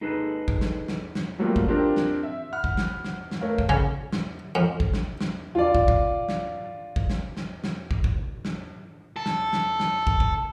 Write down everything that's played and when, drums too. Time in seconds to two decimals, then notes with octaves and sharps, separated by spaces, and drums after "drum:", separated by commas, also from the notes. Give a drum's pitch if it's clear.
0.01 D#4 G#4 A4 B4
0.48 drum: kick
0.61 drum: snare
0.88 drum: snare
1.15 drum: snare
1.39 F#3 G3 A3 A#3 C4 F4
1.56 drum: kick
1.68 C4 D4 F4 G4 A#4
1.96 drum: snare
2.23 E5
2.53 F#5 B5 F6
2.64 drum: kick
2.77 drum: snare
3.04 drum: snare
3.31 drum: snare
3.41 A3 A#4 B4 C#5 F5
3.58 drum: kick
3.69 C#3, drum: kick
4.12 drum: snare
4.55 F2
4.80 drum: kick
4.94 drum: snare
5.21 drum: snare
5.55 F4 D5
5.75 drum: kick
5.88 drum: kick
6.29 drum: snare
6.96 drum: kick
7.10 drum: snare
7.37 drum: snare
7.64 drum: snare
7.91 drum: kick
8.04 drum: kick
8.45 drum: snare
9.16 A4
9.26 drum: snare
9.53 drum: snare
9.80 drum: snare
10.07 drum: kick
10.20 drum: kick